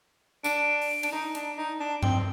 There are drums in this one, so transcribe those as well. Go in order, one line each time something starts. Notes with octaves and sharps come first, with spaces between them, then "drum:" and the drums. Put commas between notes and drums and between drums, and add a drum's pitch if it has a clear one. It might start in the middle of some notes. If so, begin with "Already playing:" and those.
D4, drum: tambourine
drum: open hi-hat
D4, drum: cymbal
D#4
D4, drum: hi-hat
D#4
D4
C4, drum: tom G2